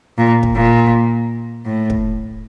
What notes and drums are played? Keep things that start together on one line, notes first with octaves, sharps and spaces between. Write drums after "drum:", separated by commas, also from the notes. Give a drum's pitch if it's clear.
A#2
drum: kick
A#2
A2
drum: kick